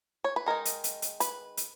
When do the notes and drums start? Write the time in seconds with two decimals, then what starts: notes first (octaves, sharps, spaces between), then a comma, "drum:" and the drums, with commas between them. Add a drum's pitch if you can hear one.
0.24 C#5
0.36 B4
0.46 D#3 G#3 D#4 A#4
0.65 drum: hi-hat
0.84 drum: hi-hat
1.02 drum: hi-hat
1.20 B4, drum: hi-hat
1.57 drum: hi-hat